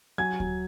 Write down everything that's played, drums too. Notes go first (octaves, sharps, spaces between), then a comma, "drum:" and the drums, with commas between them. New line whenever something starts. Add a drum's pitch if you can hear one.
F#3 G#5 G#6
F#3, drum: kick D2